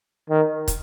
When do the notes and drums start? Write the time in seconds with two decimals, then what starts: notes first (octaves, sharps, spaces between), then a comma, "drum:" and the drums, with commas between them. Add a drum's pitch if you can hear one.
0.30 D#3
0.68 drum: kick, hi-hat